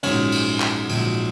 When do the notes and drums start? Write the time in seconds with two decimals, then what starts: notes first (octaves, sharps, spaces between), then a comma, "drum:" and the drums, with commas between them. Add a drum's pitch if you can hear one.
0.03 A#1 G#2 F#3 C#4 C#5, drum: cymbal
0.32 drum: cymbal
0.60 drum: clap
0.89 A#1 G#2 F#3, drum: cymbal